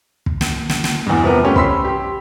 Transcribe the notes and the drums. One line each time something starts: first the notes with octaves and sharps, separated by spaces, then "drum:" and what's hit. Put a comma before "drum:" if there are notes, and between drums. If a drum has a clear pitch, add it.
drum: kick
drum: snare
drum: snare
drum: snare
E2 G2
C3 F3 B3 A#4 B4
A3 C4 C#4 G4
B5 C6 E6 B6, drum: kick
G4